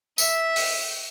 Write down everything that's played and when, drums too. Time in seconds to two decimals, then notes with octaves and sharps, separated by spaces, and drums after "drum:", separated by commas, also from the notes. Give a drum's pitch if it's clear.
0.18 E5, drum: tambourine
0.56 drum: open hi-hat